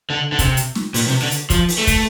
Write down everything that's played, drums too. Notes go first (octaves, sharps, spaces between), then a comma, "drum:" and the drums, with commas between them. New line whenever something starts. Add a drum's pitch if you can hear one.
D3
D3
C3, drum: kick, hi-hat
drum: hi-hat
drum: snare
A#2, drum: open hi-hat
C3
D3
drum: hi-hat
F3, drum: kick, hi-hat
drum: open hi-hat
A3
drum: kick, hi-hat